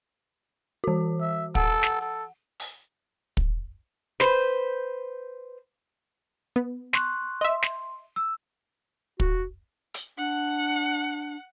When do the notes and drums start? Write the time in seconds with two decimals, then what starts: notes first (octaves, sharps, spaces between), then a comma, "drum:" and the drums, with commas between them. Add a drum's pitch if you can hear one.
0.84 E3 F#4
1.21 E5
1.55 A4 F#5, drum: kick
1.83 drum: snare
2.01 A4
2.60 drum: open hi-hat
3.37 drum: kick
4.20 B4 C5, drum: snare
6.56 B3
6.93 C6 C#6 F#6, drum: snare
7.41 D#5 E5 C6
7.62 drum: snare
8.16 E6
9.20 F#4, drum: kick
9.94 drum: hi-hat
10.18 D4 F#5